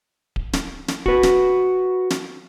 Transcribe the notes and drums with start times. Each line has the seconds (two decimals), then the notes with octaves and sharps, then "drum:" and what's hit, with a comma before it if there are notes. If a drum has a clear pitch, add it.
0.36 drum: kick D1
0.53 drum: snare
0.88 drum: snare
1.06 F#4 B4, drum: kick D1
1.23 drum: snare
2.10 drum: snare